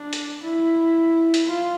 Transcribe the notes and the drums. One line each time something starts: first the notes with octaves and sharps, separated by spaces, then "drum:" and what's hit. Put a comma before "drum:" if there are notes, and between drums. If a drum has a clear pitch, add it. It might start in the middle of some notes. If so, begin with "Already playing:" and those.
Already playing: D4
drum: hi-hat
E4
drum: hi-hat
F4